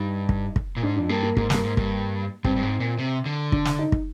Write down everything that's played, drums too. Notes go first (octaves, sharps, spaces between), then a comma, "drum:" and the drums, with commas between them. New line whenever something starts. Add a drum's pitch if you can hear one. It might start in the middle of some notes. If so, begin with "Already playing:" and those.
Already playing: G2 D#4
drum: kick
drum: kick
A#2
G#2 D4
F2 D4
G2 A#3
A#3
G#2 A#3, drum: kick
G2 A#3, drum: snare
G#2
G2, drum: kick
G2 C4, drum: kick
G2
G#2
A#2
C3
D3
D4, drum: kick
drum: snare
D#4
drum: kick